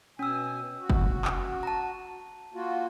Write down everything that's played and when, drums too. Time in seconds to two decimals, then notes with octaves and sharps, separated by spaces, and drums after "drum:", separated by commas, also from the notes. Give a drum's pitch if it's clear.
0.19 B2 C#4 G#5 E6
0.80 F#4
0.90 drum: kick
1.25 drum: clap
1.63 A5 A#5
2.54 A#3 F4 F#4